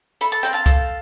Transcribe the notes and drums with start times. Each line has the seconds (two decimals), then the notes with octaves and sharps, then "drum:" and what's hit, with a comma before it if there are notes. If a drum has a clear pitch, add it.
0.21 A4 B5, drum: hi-hat
0.32 A5
0.43 C4 G5, drum: hi-hat
0.53 F5 A5
0.66 A4, drum: kick C2, hi-hat